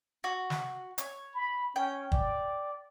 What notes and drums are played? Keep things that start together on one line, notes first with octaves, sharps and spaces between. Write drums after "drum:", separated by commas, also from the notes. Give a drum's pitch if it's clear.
F#4
drum: snare
C#5, drum: hi-hat
B5
C#4 G5
D5, drum: kick